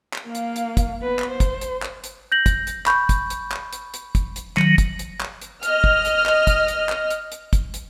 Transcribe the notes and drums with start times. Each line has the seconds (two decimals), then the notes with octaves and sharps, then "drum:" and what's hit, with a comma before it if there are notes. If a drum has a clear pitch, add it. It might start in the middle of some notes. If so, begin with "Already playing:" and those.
0.14 drum: clap
0.25 A#3 F5
0.35 drum: hi-hat
0.56 drum: hi-hat
0.77 drum: kick, hi-hat
1.02 B3 B4
1.19 drum: clap
1.31 C5
1.40 drum: kick, hi-hat
1.61 drum: hi-hat
1.83 drum: clap
2.04 drum: hi-hat
2.32 G6 A#6 F#7
2.46 drum: kick, hi-hat
2.67 drum: hi-hat
2.86 B5 C#6 G6, drum: clap
3.09 drum: kick, hi-hat
3.30 drum: hi-hat
3.51 drum: clap
3.73 drum: hi-hat
3.94 drum: hi-hat
4.15 drum: kick, hi-hat
4.36 drum: hi-hat
4.57 D#3 F#3, drum: clap
4.78 drum: kick, hi-hat
4.99 drum: hi-hat
5.20 drum: clap
5.42 drum: hi-hat
5.63 D#5 F6, drum: hi-hat
5.84 drum: kick
6.05 drum: hi-hat
6.26 drum: clap
6.47 drum: kick, hi-hat
6.68 drum: hi-hat
6.89 drum: clap
7.10 drum: hi-hat
7.32 drum: hi-hat
7.53 drum: kick, hi-hat
7.74 drum: hi-hat